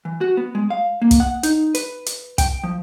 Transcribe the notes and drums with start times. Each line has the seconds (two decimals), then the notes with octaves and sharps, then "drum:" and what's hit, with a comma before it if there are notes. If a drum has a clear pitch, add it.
0.05 E3
0.21 F#4
0.37 B3
0.55 G#3
0.70 F5
1.02 A#3
1.11 drum: kick, hi-hat
1.20 F#5
1.43 D#4, drum: hi-hat
1.75 B4, drum: hi-hat
2.06 drum: hi-hat
2.38 G5, drum: kick, hi-hat
2.63 F3